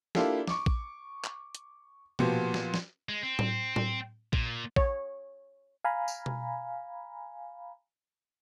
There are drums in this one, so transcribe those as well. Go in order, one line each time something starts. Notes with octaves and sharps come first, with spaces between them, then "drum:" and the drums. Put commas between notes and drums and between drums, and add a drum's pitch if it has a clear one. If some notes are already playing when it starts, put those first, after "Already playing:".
A#3 D4 E4 F4 G4 A4, drum: snare
C#6 D6, drum: snare
drum: kick
drum: clap
drum: hi-hat
A#2 F3 B3 F#4 G4, drum: tom B2
drum: snare
drum: snare
G#3
C4
drum: tom A2
drum: tom A2
A#2, drum: kick
C#5, drum: kick
F5 G#5 A#5 B5
drum: tambourine
drum: tom B2